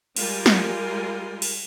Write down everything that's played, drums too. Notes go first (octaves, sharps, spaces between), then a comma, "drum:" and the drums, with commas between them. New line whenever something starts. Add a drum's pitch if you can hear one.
G3 G#3 F4 A#4 G#5, drum: cymbal
drum: snare
drum: cymbal